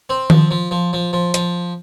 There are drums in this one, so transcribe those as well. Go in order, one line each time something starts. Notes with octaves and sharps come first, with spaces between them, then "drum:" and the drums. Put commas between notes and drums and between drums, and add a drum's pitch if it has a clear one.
C4
F3, drum: tom D#3
F3
F3
F3
F3
F3, drum: hi-hat